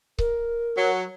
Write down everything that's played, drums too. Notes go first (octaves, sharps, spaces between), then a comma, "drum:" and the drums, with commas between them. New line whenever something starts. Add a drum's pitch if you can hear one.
A#4, drum: kick C#1
F#3